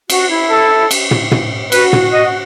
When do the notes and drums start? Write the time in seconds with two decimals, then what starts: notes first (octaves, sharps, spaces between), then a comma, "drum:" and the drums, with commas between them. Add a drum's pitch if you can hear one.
0.10 F#4, drum: cymbal
0.30 E4
0.50 A4
0.91 drum: cymbal
1.11 drum: tom
1.31 drum: tom
1.72 F#4 B4, drum: cymbal
1.93 drum: tom
2.13 D#5